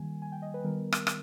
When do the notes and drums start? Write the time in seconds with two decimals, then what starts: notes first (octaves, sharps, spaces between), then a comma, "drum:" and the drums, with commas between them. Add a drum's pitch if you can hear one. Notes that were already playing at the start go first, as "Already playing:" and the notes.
Already playing: D#3 G3 A#3 G#5
0.22 G#5
0.32 G5
0.42 D#5
0.54 B4
0.64 D#3 G3 B3 A#4
0.92 drum: rim click
1.07 drum: rim click